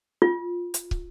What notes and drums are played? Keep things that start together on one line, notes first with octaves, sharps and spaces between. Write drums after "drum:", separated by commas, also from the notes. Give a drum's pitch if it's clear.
F4
drum: hi-hat
drum: kick